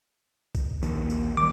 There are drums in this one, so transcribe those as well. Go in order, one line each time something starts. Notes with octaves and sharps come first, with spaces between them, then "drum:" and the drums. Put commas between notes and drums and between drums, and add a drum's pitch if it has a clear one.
drum: kick B1, tambourine
A#1 D#2, drum: tambourine
drum: tambourine
D#3 G3 D6